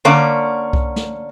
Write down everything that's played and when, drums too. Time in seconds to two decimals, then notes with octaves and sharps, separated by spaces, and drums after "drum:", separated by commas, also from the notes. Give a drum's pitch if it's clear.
0.05 D3 A#3 C#4 D5
0.73 drum: kick C2
0.96 drum: snare